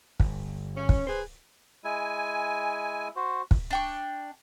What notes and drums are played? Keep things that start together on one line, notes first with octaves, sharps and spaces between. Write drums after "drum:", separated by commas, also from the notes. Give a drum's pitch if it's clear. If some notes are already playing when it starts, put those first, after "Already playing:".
G1, drum: kick
C#4
drum: kick
G#4 B4 C5
G#3 E4 G#5
F#4 C5
drum: kick
D4 G5 C#6